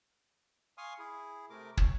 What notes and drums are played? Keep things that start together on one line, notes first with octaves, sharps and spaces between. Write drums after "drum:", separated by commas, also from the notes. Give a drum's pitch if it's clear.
F5 G#5 C6 C#6 D#6 F6
E4 G#4
C3 A3 A#4 D6
C#5, drum: kick